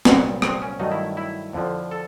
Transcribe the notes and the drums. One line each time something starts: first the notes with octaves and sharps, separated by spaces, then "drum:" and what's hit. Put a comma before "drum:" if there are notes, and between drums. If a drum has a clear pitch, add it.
C2 A#2 F#3 B3 C4, drum: snare
C4, drum: rim click
C#4
G2 D#3 F#3 A3 D#4
E4
E4
F2 D3 F3
A4